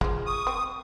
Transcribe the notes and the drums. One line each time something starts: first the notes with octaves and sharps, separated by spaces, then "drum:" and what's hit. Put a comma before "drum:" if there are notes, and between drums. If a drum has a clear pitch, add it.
F3 G#3, drum: kick
C#6 D#6
C4